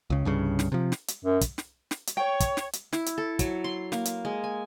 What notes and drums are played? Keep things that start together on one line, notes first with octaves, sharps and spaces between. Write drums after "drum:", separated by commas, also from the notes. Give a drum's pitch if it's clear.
C#2 C#3
C2 G2 C#3
drum: snare
C3 F3
drum: snare
drum: hi-hat
F#2
drum: kick, hi-hat
drum: snare
drum: snare
drum: hi-hat
C#5 G5
drum: kick, hi-hat
drum: snare
drum: hi-hat
E4, drum: snare
drum: hi-hat
A4
F#3, drum: kick, hi-hat
C6
A#3, drum: snare
drum: hi-hat
G#3
G#5